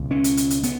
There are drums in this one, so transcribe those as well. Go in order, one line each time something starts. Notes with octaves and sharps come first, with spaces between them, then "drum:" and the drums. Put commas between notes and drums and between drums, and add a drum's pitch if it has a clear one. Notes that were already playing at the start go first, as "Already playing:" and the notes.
Already playing: C#2 B2
C#4
drum: hi-hat
drum: hi-hat
drum: hi-hat
B3, drum: hi-hat